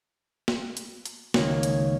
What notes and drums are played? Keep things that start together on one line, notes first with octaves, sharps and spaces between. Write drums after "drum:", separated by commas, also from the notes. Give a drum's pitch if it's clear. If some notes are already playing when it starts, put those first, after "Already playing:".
drum: snare
drum: hi-hat
drum: hi-hat
C#2 D#3 A#3 C#5, drum: snare
drum: hi-hat